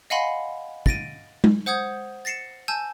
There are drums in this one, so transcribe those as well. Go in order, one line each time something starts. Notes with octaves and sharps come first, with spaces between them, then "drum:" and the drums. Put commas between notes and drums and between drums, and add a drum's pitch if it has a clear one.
D#5 F5 F#5 G#5 B5 C6
A6 A#6 D7 D#7, drum: kick
drum: tom G#3
C5 F#5 D#6 G6 G#6
A6 A#6 C7 C#7 E7
G#5 A5 E6 G6